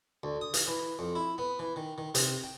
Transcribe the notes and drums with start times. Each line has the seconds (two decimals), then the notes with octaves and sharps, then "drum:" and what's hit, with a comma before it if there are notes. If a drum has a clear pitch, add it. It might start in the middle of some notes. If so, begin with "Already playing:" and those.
0.23 D2
0.41 D#6
0.54 F5, drum: hi-hat
0.68 E3
0.99 F2
1.15 E4
1.38 B3
1.59 E3
1.76 D#3
1.98 D#3
2.15 C3, drum: hi-hat
2.44 G5